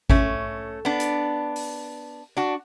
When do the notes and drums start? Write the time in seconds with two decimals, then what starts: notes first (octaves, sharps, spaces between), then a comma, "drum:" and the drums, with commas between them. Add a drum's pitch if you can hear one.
0.10 A3 C#4, drum: kick G#1
0.85 B3 D4
1.00 drum: hi-hat
1.56 drum: open hi-hat
2.37 D4 F#4